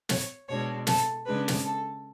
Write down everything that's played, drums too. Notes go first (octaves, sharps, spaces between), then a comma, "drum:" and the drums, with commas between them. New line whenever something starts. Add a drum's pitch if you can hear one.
C#5, drum: snare
B2 G#3 D4 C#5
A4, drum: snare
C#3 G#3 D4 B4
drum: snare
A4